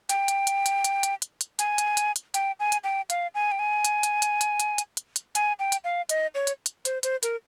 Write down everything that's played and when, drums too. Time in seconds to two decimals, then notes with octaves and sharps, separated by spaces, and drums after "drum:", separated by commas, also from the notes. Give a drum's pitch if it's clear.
0.09 G5, drum: hi-hat
0.28 drum: hi-hat
0.47 drum: hi-hat
0.66 drum: hi-hat
0.84 drum: hi-hat
1.03 drum: hi-hat
1.22 drum: hi-hat
1.41 drum: hi-hat
1.59 G#5, drum: hi-hat
1.78 drum: hi-hat
1.97 drum: hi-hat
2.16 drum: hi-hat
2.34 G5, drum: hi-hat
2.60 G#5
2.72 drum: hi-hat
2.84 G5
3.10 F5, drum: hi-hat
3.35 G#5
3.52 G5
3.59 G#5
3.85 drum: hi-hat
4.03 drum: hi-hat
4.22 drum: hi-hat
4.41 drum: hi-hat
4.60 drum: hi-hat
4.78 drum: hi-hat
4.97 drum: hi-hat
5.16 drum: hi-hat
5.35 G#5, drum: hi-hat
5.59 G5
5.72 drum: hi-hat
5.84 F5
6.09 D#5, drum: hi-hat
6.35 C#5
6.47 drum: hi-hat
6.66 drum: hi-hat
6.85 C5, drum: hi-hat
7.03 C5, drum: hi-hat
7.23 A#4, drum: hi-hat